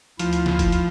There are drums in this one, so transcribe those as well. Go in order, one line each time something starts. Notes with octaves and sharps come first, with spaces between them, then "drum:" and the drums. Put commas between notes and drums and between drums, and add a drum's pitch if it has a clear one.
D2 F3 E4, drum: hi-hat
drum: hi-hat
drum: snare
drum: kick, hi-hat
drum: hi-hat